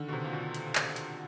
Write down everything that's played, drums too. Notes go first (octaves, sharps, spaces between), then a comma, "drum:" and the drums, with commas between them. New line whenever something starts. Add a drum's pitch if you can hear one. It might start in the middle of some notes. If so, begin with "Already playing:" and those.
Already playing: D3 D#3
B2
C3
A#2
B2
drum: hi-hat
drum: clap
drum: hi-hat